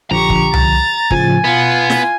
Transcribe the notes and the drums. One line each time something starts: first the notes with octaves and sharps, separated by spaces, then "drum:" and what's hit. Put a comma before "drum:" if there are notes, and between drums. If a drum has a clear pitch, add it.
A#1 D3 F3 G4 A#5 C#6
drum: kick
A6, drum: tom C2
A2 C#3 F3 G#5, drum: kick
B2 B3 F4
drum: snare